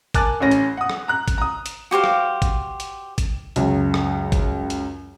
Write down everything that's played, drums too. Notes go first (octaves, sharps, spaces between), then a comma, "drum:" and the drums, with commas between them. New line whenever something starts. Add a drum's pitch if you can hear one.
A#4 G#5 A5 D6 F#6 A6, drum: kick G#1, hi-hat
A1 A2 C#4 A#6
drum: hi-hat
F#5 D#6
drum: rim click
A#5 F#6
drum: kick G#1, hi-hat
A#5 D#6
drum: hi-hat
F#4 G4 C5 F5
drum: rim click
drum: kick G#1, hi-hat
drum: hi-hat
drum: kick G#1, hi-hat
C#2 F#2, drum: hi-hat
drum: rim click
drum: kick G#1, hi-hat
drum: hi-hat